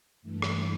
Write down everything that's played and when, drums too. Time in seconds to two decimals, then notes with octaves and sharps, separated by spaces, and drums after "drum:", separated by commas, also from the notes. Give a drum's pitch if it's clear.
0.22 G2 E3 A3
0.42 drum: rim click